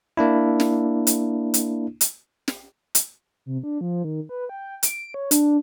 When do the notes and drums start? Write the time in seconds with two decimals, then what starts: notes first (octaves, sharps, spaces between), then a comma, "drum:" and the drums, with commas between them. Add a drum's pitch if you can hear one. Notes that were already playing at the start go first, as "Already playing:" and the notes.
0.17 A#3 D4 E4
0.60 drum: snare
1.07 drum: hi-hat
1.54 drum: hi-hat
2.01 drum: hi-hat
2.48 drum: snare
2.95 drum: hi-hat
3.46 C3
3.64 D4
3.81 F3
4.04 D#3
4.29 B4
4.49 G5
4.83 D7, drum: hi-hat
5.14 C#5
5.31 D4, drum: hi-hat